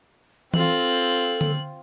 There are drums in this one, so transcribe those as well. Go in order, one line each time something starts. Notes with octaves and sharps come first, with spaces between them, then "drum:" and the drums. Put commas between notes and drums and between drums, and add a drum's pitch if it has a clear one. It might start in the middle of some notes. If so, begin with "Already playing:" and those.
C4 F4 A4 F#7, drum: tom E3
drum: tom D3